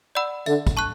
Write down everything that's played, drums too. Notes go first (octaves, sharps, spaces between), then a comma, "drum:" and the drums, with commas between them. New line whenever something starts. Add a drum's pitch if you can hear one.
D5 F#5 B5 E6
D3 E5, drum: tambourine
drum: kick, tambourine
A5 C#6 F#6